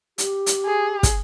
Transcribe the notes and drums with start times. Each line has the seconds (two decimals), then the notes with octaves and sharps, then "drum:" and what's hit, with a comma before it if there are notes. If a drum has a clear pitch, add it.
0.18 G4, drum: hi-hat
0.46 drum: hi-hat
0.66 G#4
1.03 drum: kick, hi-hat